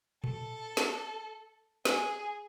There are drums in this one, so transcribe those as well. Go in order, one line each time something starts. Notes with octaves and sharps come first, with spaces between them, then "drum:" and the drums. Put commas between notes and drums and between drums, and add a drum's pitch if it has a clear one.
A4, drum: tom A#2
drum: snare
G#4, drum: snare